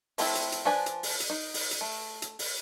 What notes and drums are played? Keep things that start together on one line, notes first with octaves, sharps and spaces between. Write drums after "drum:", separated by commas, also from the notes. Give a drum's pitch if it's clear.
F3 A3 C4 E4, drum: open hi-hat
drum: hi-hat
drum: hi-hat
F3 D4 B4 G#5
drum: hi-hat
drum: open hi-hat
drum: hi-hat
D#4
drum: open hi-hat
drum: hi-hat
A3
drum: hi-hat
drum: open hi-hat